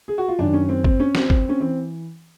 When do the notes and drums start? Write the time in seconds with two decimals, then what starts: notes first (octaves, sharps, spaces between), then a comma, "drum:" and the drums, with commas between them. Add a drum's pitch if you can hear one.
0.08 G#4
0.18 F#4
0.28 F4
0.39 F#2 D#3 D4
0.53 C#4
0.69 C4
0.84 C4, drum: kick
1.00 C#4
1.15 C4, drum: snare
1.30 drum: kick
1.49 C#4
1.60 E3 C4